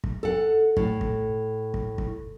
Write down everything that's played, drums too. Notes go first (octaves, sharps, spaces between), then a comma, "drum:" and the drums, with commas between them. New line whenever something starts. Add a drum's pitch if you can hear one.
drum: kick
A4 F#5
A2, drum: kick
drum: kick
drum: kick
drum: kick